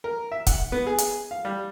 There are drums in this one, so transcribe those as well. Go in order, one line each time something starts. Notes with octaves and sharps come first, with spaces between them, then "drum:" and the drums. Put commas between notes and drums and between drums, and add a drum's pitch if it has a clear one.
A#4
E5
F#5, drum: kick, hi-hat
B3
G#4
drum: hi-hat
F5
G3